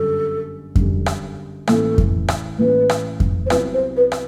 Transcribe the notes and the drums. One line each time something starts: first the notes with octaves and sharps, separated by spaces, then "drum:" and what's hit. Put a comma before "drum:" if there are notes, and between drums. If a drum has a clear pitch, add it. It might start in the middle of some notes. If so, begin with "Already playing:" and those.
Already playing: G1 F#2 D3 G3 A4
G1 F#2 D3 G3, drum: kick F2
drum: rim click
A1 A2 E3 A4, drum: rim click
drum: kick F2
drum: rim click
A1 A2 E3 B4
drum: rim click
drum: kick F2
C5
C2 C3 F#3 B3 E4 B4, drum: rim click
C5
B4
drum: rim click